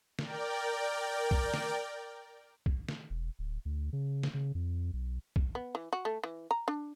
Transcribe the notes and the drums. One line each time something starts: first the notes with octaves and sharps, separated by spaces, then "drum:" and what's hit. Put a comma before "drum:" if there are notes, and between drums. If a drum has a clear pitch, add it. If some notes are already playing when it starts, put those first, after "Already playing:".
A#4 D5 G5, drum: snare
drum: kick
drum: snare
drum: kick
drum: snare
E1
D1
D2
C#3
drum: snare
C#3
F2
B1
drum: kick
B3
E3
F#4
A3
E3
A#5
D4